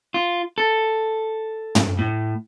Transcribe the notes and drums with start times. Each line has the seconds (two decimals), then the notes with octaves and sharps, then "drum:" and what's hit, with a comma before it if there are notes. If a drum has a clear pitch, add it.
0.14 F4
0.58 A4
1.75 drum: tom
1.99 A2